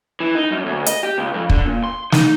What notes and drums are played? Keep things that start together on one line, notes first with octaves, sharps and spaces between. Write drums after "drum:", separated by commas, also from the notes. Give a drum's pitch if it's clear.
E3
D#4
F#2
D2
D#5, drum: hi-hat
G4
C#2
F2
D3, drum: kick
A#2
C6
D#4, drum: snare